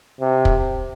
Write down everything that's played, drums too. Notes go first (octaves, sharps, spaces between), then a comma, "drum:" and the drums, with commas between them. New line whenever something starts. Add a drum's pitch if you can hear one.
C3
drum: kick